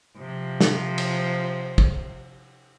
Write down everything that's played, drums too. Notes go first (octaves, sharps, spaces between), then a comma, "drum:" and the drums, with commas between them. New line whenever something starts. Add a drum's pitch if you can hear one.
C3 F3
drum: snare
drum: cymbal
drum: kick